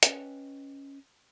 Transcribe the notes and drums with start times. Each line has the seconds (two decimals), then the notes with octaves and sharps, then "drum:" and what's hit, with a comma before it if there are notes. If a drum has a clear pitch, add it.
0.03 C#4 B4 D#5 G5, drum: hi-hat